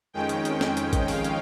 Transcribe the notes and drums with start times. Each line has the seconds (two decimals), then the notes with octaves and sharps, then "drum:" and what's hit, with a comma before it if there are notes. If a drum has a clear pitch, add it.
0.13 F2 D#3 G#3 C#4 G5
0.29 drum: hi-hat
0.45 drum: hi-hat
0.61 drum: snare
0.77 drum: hi-hat
0.93 drum: kick G#1, hi-hat
1.08 F5, drum: open hi-hat
1.24 drum: hi-hat